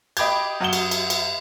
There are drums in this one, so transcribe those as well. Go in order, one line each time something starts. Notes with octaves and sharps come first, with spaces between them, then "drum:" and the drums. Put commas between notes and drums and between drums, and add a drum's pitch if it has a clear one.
D#5 G5 B5 D6 G6 G#6, drum: cymbal
F#2 F#3 F#5 D#6 E7 G7
drum: cymbal
drum: cymbal
drum: cymbal